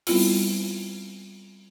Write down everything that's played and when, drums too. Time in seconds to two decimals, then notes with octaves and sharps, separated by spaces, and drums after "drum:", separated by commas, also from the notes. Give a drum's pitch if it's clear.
0.07 G3 B3 C4 E4 F4, drum: open hi-hat